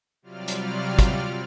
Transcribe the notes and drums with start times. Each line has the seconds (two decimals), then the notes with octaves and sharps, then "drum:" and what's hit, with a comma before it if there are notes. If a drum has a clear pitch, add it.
0.22 C3 F#3 G3 F4 D5 F6
0.48 drum: hi-hat
0.99 drum: kick, hi-hat